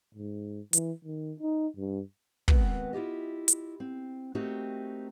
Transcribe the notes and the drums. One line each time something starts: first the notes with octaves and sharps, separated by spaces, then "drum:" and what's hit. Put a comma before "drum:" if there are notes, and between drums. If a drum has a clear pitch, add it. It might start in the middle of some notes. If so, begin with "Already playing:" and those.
G#2
E3, drum: hi-hat
D#3
D#4
G2
D#3 G#3 B3 C4 F#4 B4, drum: kick
E4 F4 G4 D#5
drum: hi-hat
C4
A3 A#3 C4 D#4 F#4 G4